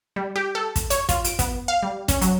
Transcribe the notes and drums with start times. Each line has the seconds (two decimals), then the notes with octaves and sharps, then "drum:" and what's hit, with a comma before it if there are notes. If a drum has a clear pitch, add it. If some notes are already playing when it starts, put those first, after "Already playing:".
0.16 G3
0.36 G4
0.55 A4
0.76 drum: kick, hi-hat
0.90 C#5, drum: hi-hat
1.09 F4, drum: kick, hi-hat
1.24 D7, drum: hi-hat
1.39 B3, drum: kick, hi-hat
1.68 F5
1.83 G3
2.08 C#4, drum: kick, hi-hat
2.22 F#3, drum: hi-hat